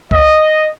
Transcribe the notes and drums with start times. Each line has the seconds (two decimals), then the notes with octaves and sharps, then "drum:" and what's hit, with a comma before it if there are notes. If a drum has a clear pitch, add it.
0.11 D#5, drum: kick